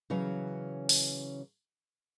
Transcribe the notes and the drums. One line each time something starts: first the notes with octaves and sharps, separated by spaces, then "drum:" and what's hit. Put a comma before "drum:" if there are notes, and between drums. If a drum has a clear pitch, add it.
C#3 E3 F#3 C#4
drum: open hi-hat